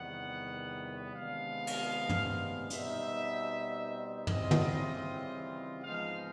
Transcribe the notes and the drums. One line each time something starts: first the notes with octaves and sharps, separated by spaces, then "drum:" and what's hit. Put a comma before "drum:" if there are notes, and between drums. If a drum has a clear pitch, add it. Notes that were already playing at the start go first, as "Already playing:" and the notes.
Already playing: E2 C3 D#3 G3 B3 F#5
C3 D#3 G#3 B3 D4 F5
drum: cymbal
drum: tom
B2 G3 C4 D#4 E5, drum: hi-hat
C#3 E3 G3 C4 F4 D#5, drum: tom
drum: tom
G#2 F3 G#3 B3 D#4 F5